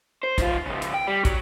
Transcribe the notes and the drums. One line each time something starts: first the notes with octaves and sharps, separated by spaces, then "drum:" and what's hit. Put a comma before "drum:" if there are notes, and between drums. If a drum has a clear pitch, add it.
C5
D#3 F4, drum: kick, hi-hat
C#3 F3
drum: hi-hat
G5
G3
F#4 C#5, drum: kick, hi-hat